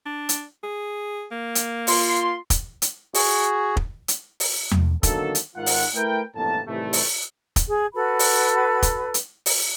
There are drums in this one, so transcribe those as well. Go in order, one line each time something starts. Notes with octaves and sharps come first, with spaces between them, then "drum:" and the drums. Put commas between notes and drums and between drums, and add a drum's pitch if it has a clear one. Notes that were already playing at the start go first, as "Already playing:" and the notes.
D4
drum: hi-hat
G#4
A#3
drum: hi-hat
F4 C6, drum: open hi-hat
drum: kick, hi-hat
drum: hi-hat
F#4 G#4, drum: open hi-hat
drum: kick
drum: hi-hat
drum: open hi-hat
drum: tom E2
D3 D#3 F#3 A#3 B3 A4, drum: kick, hi-hat
drum: hi-hat
G#2 D#3 F4 F#5
drum: open hi-hat
A3 E4 A#4 B4 G5
G1 F2 A2 E3 A#3 A5
A2 C3 D#3 E3 G3 A3
drum: open hi-hat
drum: kick, hi-hat
G#4
F#4 A4 B4 B5
drum: open hi-hat
drum: kick, hi-hat
drum: hi-hat
drum: open hi-hat